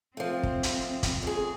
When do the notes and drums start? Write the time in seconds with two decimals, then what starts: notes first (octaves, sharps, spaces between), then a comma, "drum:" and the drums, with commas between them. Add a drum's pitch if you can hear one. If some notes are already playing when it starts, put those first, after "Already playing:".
0.17 F3 A3 C4
0.43 drum: kick
0.63 drum: hi-hat
1.03 drum: kick, hi-hat
1.23 F2 G#4